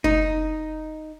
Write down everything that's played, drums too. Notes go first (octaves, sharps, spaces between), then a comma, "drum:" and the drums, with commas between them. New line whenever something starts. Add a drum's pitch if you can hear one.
D#4, drum: kick F#1